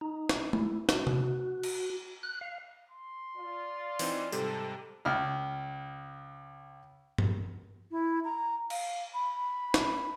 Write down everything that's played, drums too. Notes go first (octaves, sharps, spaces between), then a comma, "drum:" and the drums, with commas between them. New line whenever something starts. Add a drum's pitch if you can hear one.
D#4
drum: snare
E4, drum: tom G#3
F#4, drum: snare
drum: tom C3
drum: cymbal
F#6
F5
C6
F4 D5
E3 C4 D#4, drum: open hi-hat
G#2 C3 G3 A4, drum: tambourine
C#2 F6
drum: tom G2
E4
A#5
F5, drum: cymbal
B5
drum: snare